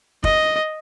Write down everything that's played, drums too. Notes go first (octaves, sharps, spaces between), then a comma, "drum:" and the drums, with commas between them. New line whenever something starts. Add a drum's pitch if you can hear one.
D#5, drum: kick